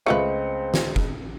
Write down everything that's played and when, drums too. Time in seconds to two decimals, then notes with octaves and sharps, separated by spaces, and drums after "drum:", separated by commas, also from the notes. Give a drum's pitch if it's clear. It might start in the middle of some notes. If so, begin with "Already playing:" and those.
0.06 C#2 A3 C4 F4 B4 D#5 C#7
0.74 drum: snare
0.96 drum: kick